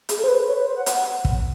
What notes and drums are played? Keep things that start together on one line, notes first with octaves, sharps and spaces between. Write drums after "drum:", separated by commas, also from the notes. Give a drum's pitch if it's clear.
G#4, drum: hi-hat
A4
C5
B4
C#5
B4
C5
F#5
F#5, drum: hi-hat
drum: kick